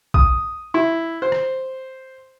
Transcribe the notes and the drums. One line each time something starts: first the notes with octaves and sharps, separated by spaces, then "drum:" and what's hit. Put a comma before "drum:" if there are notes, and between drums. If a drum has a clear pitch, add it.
D#6, drum: kick B1
E4
C5
drum: rim click